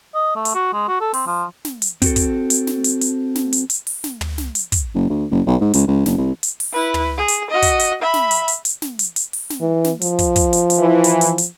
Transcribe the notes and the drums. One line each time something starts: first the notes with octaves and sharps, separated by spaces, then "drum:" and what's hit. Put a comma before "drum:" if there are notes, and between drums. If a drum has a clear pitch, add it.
D#5
A3
drum: hi-hat
F#4
G#3
F#4
A4
C4, drum: open hi-hat
F3
drum: snare
drum: hi-hat
C4 F#4 A4, drum: kick, hi-hat
drum: kick, hi-hat
drum: hi-hat
drum: snare
drum: hi-hat
drum: hi-hat
drum: snare
drum: hi-hat
drum: hi-hat
drum: open hi-hat
drum: snare
drum: tom
drum: snare
drum: hi-hat
drum: kick, hi-hat
F#1
D2
F#1
B1
G#2
C#2, drum: hi-hat
C#2
F#1, drum: snare
C2
drum: hi-hat
drum: open hi-hat
E4 B4
drum: tom
G#4
drum: hi-hat
F#4 D#5
drum: kick, hi-hat
drum: hi-hat
E5 B5
drum: snare
drum: hi-hat
drum: hi-hat
drum: hi-hat
drum: snare
drum: hi-hat
drum: hi-hat
drum: open hi-hat
drum: snare
E3
drum: snare
F3, drum: hi-hat
drum: kick, hi-hat
drum: kick, hi-hat
drum: hi-hat
drum: hi-hat
E3
drum: hi-hat
drum: hi-hat
drum: hi-hat